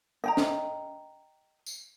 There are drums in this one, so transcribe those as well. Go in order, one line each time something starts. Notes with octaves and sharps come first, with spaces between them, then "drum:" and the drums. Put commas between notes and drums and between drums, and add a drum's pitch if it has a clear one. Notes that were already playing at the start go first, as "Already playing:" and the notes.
D#5 G5 A#5
drum: snare
drum: tambourine